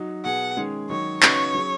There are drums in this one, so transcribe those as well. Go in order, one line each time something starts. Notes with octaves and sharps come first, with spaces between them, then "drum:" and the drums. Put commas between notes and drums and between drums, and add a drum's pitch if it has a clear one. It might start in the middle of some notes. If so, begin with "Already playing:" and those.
Already playing: F#3 D#4 F#4
B2 B3 G#4 F#5
D#3 G#3 C#4 G#4
D#3 F#3 D#4 C#5
C#3 B3 D#4 F#4 C#5, drum: clap
F#3 C#4 G#4